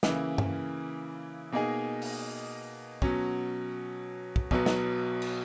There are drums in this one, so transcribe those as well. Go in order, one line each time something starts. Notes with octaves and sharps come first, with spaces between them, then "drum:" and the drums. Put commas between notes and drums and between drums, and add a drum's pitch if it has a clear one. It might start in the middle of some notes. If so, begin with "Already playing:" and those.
C#3 E3 A#3 E4, drum: snare
drum: tom G2
B2 A#3 D#4 G#4 D#5
drum: open hi-hat
B2 F#3 C#4, drum: kick
drum: kick
B1 B2 F#3 B3 F#4, drum: kick
drum: snare
drum: cymbal